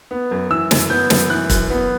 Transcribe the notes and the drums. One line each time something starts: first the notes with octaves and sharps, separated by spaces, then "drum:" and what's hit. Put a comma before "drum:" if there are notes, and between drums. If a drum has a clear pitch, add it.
B3
F#2
E3 E6
F#2, drum: snare
B3 G6
F#2, drum: snare
E3 F#6
F#2, drum: kick, hi-hat
B3